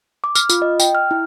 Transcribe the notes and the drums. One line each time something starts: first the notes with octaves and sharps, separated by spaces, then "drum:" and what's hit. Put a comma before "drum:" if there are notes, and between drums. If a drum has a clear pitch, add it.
D6
F6, drum: tambourine
F4, drum: tambourine
D#5
G5, drum: tambourine
F6
E4